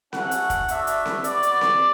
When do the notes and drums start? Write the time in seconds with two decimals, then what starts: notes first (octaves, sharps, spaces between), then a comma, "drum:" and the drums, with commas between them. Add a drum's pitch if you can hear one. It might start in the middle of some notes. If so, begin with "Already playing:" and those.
0.13 A3 C#4 F#4 F#5, drum: snare C4
0.31 drum: hi-hat
0.50 drum: kick, hi-hat
0.68 A3 D4 F#4 E5, drum: hi-hat
0.87 drum: hi-hat
1.06 drum: snare C4
1.24 B3 F#4 D5, drum: hi-hat
1.43 drum: hi-hat
1.61 drum: snare C4